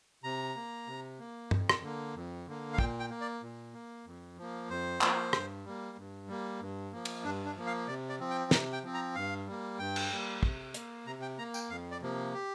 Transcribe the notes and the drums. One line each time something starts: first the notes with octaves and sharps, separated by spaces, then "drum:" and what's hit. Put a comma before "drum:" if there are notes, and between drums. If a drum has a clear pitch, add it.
C3 A#5
A#3
C3
A#3
F2, drum: tom
drum: rim click
D3 A#3
F2
D3 A#3
F5
A#2 G5, drum: kick
G5
A#3
D5
A#2
A#3
F2
F3 A#3
F2 C5
F3 A#3, drum: clap
G2, drum: rim click
G3 A#3
G2
G3 A#3
G2
F3 A#3
drum: cymbal
G2 D4
D4
F3 A#3
F5
C3 D5
D5
F3 C4
G5
C3 A#5, drum: snare
G5
F3 C4
A#5
G2 F5
G3 A#3
G2 G5
drum: cymbal
G3 A#3
C3, drum: kick
A#3, drum: hi-hat
C3 A#5
G5
A#3 A#5
G5, drum: tambourine
F2 F5
D5
C3 F3 A#3
G4